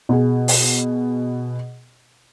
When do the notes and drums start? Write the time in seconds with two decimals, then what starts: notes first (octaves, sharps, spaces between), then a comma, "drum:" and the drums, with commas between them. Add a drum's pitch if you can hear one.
0.09 B2 G#4
0.48 drum: open hi-hat